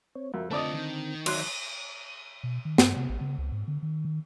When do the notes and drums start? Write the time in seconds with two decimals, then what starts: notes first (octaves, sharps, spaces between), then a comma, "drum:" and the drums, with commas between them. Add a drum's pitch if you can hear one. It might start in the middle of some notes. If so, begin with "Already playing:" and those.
0.15 C4 C#5
0.34 F2 F#4 A#4 E5
0.51 D3 A3 C4 F4 A4 D5 D#5
0.74 D#3
1.26 F#3 C#5 D5 E5 C6 F#6, drum: cymbal
2.44 B2
2.65 D#3
2.78 G2, drum: snare
2.96 C3
3.09 A1
3.21 C#3
3.38 C#2
3.52 G#2
3.68 D3
3.83 D#3
4.05 D#3